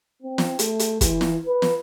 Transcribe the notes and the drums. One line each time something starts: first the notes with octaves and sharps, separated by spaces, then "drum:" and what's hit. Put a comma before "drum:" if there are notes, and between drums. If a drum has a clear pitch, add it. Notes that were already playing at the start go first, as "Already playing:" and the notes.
C4
drum: snare
A3, drum: hi-hat
drum: hi-hat
E3, drum: kick, hi-hat
drum: snare
B4
drum: snare